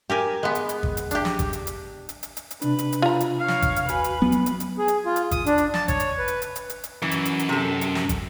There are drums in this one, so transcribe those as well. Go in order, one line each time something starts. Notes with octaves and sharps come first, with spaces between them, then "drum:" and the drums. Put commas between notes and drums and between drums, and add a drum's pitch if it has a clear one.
G4 A#4 G#5
G#3 B3
drum: hi-hat
drum: hi-hat
drum: kick
drum: hi-hat
D4 G4, drum: hi-hat
drum: snare
drum: kick, hi-hat
drum: hi-hat
drum: hi-hat
drum: hi-hat
drum: hi-hat
drum: hi-hat
drum: hi-hat
C3 D4 B4, drum: hi-hat
drum: hi-hat
drum: hi-hat
F4 A#5
drum: hi-hat
C#5 F5
drum: snare
drum: kick, hi-hat
drum: hi-hat
D#2 F#4 B4 G#5, drum: hi-hat
drum: hi-hat
F#3 B3
drum: hi-hat
drum: hi-hat
drum: hi-hat
G#4
drum: hi-hat
F4
drum: hi-hat
D#6, drum: kick, hi-hat
D4, drum: hi-hat
drum: hi-hat
A5, drum: snare
C#5, drum: kick, hi-hat
drum: hi-hat
B4
drum: hi-hat
drum: hi-hat
drum: hi-hat
drum: hi-hat
drum: hi-hat
F#2 E3
drum: hi-hat
drum: hi-hat
drum: hi-hat
C3 A4
drum: hi-hat
drum: snare
drum: kick, hi-hat